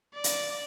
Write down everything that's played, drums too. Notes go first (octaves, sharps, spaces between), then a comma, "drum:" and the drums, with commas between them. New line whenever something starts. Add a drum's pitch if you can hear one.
D5
drum: hi-hat